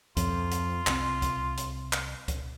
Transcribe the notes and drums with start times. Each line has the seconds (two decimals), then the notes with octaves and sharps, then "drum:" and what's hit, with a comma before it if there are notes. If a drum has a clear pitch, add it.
0.17 F2 F4, drum: kick C#2, hi-hat
0.51 drum: hi-hat
0.87 C2 C4, drum: clap
1.22 drum: kick C#2, hi-hat
1.57 drum: hi-hat
1.93 drum: clap
2.28 drum: kick C#2, hi-hat